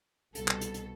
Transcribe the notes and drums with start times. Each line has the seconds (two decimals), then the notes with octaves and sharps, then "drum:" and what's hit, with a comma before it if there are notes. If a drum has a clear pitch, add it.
0.35 C2 B2 A4, drum: hi-hat
0.48 drum: clap
0.61 drum: hi-hat
0.74 drum: hi-hat